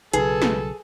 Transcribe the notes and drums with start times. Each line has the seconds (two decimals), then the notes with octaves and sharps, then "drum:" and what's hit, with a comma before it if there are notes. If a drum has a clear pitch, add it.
0.13 B1 C#3 F#3 G#4 A4 B4, drum: hi-hat
0.42 drum: snare